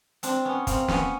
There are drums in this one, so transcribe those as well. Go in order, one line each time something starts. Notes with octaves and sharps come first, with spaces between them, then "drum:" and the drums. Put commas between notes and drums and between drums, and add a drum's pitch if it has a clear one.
C4 D4, drum: hi-hat
B3 C#4
A#3 C4, drum: kick, hi-hat
B3 C#4, drum: snare